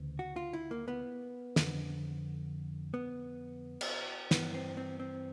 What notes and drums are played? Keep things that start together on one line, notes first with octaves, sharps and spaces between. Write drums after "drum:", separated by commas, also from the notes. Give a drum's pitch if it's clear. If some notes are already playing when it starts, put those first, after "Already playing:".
Already playing: D2 C#3 E3
F#4
F4
E4
A#3
B3
F2 D3, drum: snare
B3
drum: cymbal
G2 E3 B3, drum: snare
C4
C4
C4